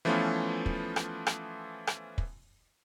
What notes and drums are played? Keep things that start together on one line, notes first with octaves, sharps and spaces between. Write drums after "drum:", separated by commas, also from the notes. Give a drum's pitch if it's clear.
E3 F3 A3 B3 C#4 F4
drum: kick
drum: rim click
drum: rim click
drum: rim click
drum: kick